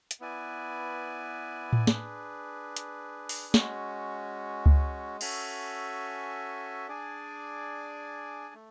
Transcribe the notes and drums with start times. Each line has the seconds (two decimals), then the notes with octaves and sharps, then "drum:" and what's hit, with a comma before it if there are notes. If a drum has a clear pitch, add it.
0.11 drum: hi-hat
0.20 B3 E4 B4 D5 G#5
1.73 drum: tom A2
1.87 D4 G#4 B4, drum: snare
2.76 drum: hi-hat
3.29 drum: open hi-hat
3.54 G#3 C#4 F#4, drum: snare
4.66 drum: kick C#2
5.21 C#4 F#4 A4 E5 G#5, drum: cymbal
6.88 D4 G#4 D5 G#5
8.54 A3